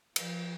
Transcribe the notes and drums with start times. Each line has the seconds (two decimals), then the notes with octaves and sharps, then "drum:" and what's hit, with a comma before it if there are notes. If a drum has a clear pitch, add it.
0.16 F3, drum: cymbal